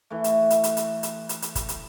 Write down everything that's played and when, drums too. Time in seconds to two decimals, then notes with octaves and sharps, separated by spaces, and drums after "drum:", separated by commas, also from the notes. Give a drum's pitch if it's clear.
0.10 E3 A3
0.24 drum: hi-hat
0.50 drum: hi-hat
0.64 drum: hi-hat
0.77 drum: hi-hat
1.03 drum: hi-hat
1.29 drum: hi-hat
1.42 drum: hi-hat
1.55 drum: kick, hi-hat
1.69 drum: hi-hat